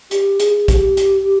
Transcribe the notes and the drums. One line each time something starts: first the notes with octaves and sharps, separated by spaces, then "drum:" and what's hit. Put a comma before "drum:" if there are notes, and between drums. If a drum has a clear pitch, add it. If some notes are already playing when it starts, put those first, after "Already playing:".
G4, drum: hi-hat
G#4, drum: hi-hat
G4, drum: kick, hi-hat
drum: hi-hat